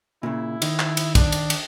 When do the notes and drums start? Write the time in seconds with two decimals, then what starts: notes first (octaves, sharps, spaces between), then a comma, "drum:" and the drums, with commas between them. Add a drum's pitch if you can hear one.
0.23 A#2 C#3 E4
0.62 D#3, drum: cymbal
0.79 drum: clap
0.97 drum: cymbal
1.15 D4, drum: kick A#1, cymbal
1.32 drum: cymbal
1.50 drum: cymbal